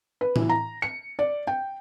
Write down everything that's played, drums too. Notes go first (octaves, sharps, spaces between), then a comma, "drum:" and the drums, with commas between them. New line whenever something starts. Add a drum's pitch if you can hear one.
B4
E3, drum: tom A2
A#5
C#7
D5
G5